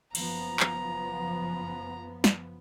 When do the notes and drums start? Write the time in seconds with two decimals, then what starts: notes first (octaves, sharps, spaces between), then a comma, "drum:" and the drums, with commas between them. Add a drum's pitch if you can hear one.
0.15 F#1 F3 B3 A#5, drum: cymbal
0.60 drum: clap
2.24 drum: snare